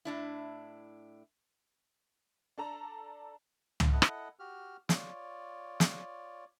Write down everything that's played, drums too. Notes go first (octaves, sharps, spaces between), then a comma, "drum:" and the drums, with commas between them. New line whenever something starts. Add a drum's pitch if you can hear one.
A2 D4 E4
D4 A4 A#5
drum: tom
E4 A4 D#5 F#5
drum: rim click
F#4 G4 F6
F4 C#5 D5, drum: snare
drum: snare